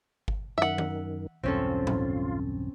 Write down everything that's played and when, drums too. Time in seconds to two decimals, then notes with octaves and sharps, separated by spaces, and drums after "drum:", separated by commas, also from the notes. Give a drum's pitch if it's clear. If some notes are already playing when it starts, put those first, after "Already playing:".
0.28 drum: kick G1
0.58 F#2 D#3 E5 F#5
0.78 drum: tom D#3
1.43 B1 E2 G2 C4 C#4 F4 A4
1.87 drum: tom A2